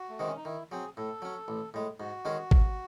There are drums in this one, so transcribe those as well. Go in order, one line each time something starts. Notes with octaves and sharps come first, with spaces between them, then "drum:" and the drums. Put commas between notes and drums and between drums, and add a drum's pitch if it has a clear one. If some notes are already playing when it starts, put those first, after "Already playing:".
Already playing: F#4
A3
C3 D#3 G#3 C4
C#4
D#4
D#3 E4
F#3 C4 G#4
A2 A4
F#3 C#4
A1
A2 G#3
G#2 F#4
D#3 G#3 C#4 G#4
drum: kick A1